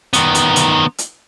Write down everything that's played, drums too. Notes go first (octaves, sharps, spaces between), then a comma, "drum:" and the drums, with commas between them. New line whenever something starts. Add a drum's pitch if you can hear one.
D#3 B3, drum: hi-hat
drum: hi-hat
drum: hi-hat
drum: hi-hat